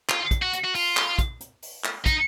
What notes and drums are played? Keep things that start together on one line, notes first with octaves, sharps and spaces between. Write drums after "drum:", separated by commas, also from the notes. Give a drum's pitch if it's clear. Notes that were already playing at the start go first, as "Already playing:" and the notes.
F4, drum: clap
drum: kick, hi-hat
F#4
drum: hi-hat
F#4
F4, drum: open hi-hat
drum: clap
drum: kick, hi-hat
drum: hi-hat
drum: open hi-hat
drum: clap
D#4, drum: kick, hi-hat